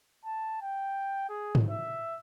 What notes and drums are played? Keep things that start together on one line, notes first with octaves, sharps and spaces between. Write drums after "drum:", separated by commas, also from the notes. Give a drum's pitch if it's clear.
A5
G5
G#4
drum: tom G#2
E5